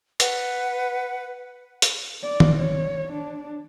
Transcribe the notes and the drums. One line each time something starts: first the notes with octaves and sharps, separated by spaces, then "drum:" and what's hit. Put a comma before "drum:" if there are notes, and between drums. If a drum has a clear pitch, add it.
B4 F#5, drum: hi-hat
drum: hi-hat
D5
drum: tom D#3
C#5
D4